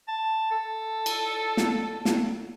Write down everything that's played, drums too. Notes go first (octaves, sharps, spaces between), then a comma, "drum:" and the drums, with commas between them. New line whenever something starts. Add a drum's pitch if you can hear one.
A5
A4
drum: cymbal
drum: snare
drum: snare